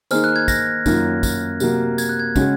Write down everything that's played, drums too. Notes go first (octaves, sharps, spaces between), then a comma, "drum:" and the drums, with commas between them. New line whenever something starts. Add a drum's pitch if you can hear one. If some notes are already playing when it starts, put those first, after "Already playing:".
D#3 A#3 D#4 G#4 C5 F6, drum: tambourine
F#6
G#6
A#6, drum: kick, tambourine
F#2 D#3 A#3 C#4 F4, drum: kick, tambourine
drum: kick, tambourine
C3 F#3 A#3, drum: tambourine
G#6, drum: tambourine
F#6
G#6
C#3 G#3 C#4 F#4, drum: kick, tambourine